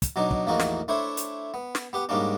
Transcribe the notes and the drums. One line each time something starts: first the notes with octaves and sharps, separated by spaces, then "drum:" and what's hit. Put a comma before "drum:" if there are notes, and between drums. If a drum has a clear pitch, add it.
drum: kick, hi-hat
B2 F#3 D4 D#4
drum: kick
A1 E2 F3 A#3 D#4 F#4
drum: snare
A3 D4 E4 C5 C#5
drum: hi-hat
B3
drum: snare
B3 G4 F#5
G#2 G3 A#3 C#4 D4